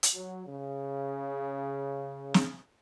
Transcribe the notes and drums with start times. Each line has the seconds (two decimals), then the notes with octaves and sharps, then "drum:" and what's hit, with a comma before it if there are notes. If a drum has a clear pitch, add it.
0.03 drum: hi-hat
0.14 F#3
0.47 C#3
2.34 drum: snare